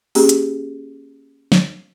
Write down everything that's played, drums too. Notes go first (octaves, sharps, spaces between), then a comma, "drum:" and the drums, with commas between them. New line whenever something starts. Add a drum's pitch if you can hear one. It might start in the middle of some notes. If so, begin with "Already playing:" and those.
A#3 C#4 G4 G#4, drum: open hi-hat
drum: hi-hat
drum: snare